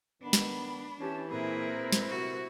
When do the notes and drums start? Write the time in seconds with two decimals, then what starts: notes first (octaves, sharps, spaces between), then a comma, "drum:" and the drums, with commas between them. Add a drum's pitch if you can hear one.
0.22 D#3 B3 D4 B5
0.33 drum: snare
0.99 E3 C#4 G4 A5
1.30 A#2 C4 E4 G#4 A#4 B4
1.93 drum: snare
2.08 C3 F#4